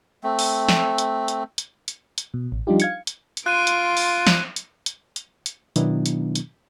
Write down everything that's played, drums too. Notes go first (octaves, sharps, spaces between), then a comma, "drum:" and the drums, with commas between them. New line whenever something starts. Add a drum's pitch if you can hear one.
A3 C4
drum: open hi-hat
drum: snare
drum: hi-hat
drum: hi-hat
drum: hi-hat
drum: hi-hat
drum: hi-hat
B2
A1
F3 G3 D4 D#4 F4 G4
F5 G#6 C#7, drum: hi-hat
drum: hi-hat
drum: hi-hat
F4 C6 F#6 D7 D#7
drum: hi-hat
drum: open hi-hat
drum: snare
drum: hi-hat
drum: hi-hat
drum: hi-hat
drum: hi-hat
B2 D#3 F#3 B3 D4 E4, drum: hi-hat
drum: hi-hat
drum: hi-hat